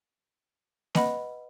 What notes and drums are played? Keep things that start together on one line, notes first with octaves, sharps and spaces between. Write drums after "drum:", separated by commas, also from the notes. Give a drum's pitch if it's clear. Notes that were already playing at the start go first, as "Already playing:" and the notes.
B4 D#5 F#5 B5, drum: snare A#3